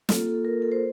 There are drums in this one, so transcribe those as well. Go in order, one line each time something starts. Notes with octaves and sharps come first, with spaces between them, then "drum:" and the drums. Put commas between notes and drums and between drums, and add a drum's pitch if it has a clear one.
A#3 F4 A4, drum: snare
A4
A#4
A4
C5